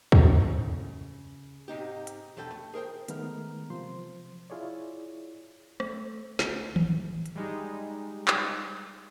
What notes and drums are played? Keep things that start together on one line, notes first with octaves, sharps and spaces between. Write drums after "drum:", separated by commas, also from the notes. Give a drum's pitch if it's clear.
E2 C#4, drum: kick
C#3
G#2 C3 D#4 G4
drum: hi-hat
E2 G2 A4 G5
A3
G#4 A#4 C5 G5
D#3 G#3 A3 B3 A#4 F6, drum: hi-hat
C3 F3 C5 C6
E4 F4 G#4 C#5 D5
A3, drum: rim click
D2, drum: snare
A1, drum: tom D#3
drum: hi-hat
G3 G#3 D#4
drum: clap